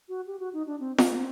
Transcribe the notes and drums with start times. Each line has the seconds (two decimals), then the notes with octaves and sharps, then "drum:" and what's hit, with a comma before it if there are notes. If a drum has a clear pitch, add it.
0.09 F#4
0.27 G4
0.40 F#4
0.53 D#4
0.67 D4
0.80 C4
0.98 C4, drum: snare F4
1.11 A#3
1.16 C4